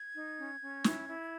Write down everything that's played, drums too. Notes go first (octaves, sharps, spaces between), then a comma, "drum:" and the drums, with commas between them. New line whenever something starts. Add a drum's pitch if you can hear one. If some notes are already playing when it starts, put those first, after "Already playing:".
Already playing: G#6
D#4
C#4
C#4
E4, drum: snare
E4